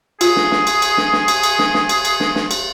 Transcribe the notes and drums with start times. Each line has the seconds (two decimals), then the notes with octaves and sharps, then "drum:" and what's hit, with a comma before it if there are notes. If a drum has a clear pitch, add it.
0.21 F4 G#4, drum: cymbal
0.36 drum: snare
0.52 drum: snare
0.67 drum: cymbal
0.82 drum: cymbal
0.97 drum: snare
1.13 drum: snare
1.28 drum: cymbal
1.43 drum: cymbal
1.59 drum: snare
1.74 drum: snare
1.89 drum: cymbal
2.05 drum: cymbal
2.20 drum: snare
2.35 drum: snare
2.51 drum: cymbal